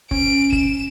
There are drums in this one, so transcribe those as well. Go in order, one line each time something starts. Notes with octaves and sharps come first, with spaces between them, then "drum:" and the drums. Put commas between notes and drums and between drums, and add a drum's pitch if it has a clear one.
C#4 D7, drum: kick
E7, drum: kick